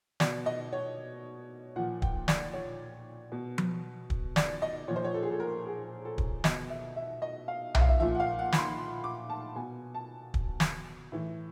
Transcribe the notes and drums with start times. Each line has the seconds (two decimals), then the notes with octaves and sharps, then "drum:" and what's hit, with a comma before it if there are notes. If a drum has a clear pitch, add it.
0.20 B2 D5, drum: snare
0.46 D#5
0.73 C#5
1.76 A#2 F3 F#5
2.02 G5, drum: kick
2.28 D5, drum: snare
2.54 C#5
3.32 B2
3.58 drum: tom F3
4.10 drum: kick
4.36 D5, drum: snare
4.62 D#5
4.88 A#2 F3 C#5
4.96 C5
5.04 C#5
5.14 A4
5.22 G#4
5.31 A4
5.40 A#4
5.66 G#4
6.05 A4
6.18 drum: kick
6.44 B2 D#5, drum: snare
6.70 E5
6.96 E5
7.22 D#5
7.48 F5
7.75 E5, drum: tom B1
7.81 F5
7.89 E5
8.00 A#2 F3 E5
8.15 F#5
8.20 F5
8.39 F#5
8.52 B5, drum: snare
8.58 C6
9.04 D6
9.30 A5
9.56 B2 G#5
9.95 A5
10.34 drum: kick
10.60 drum: snare
11.12 A2 E3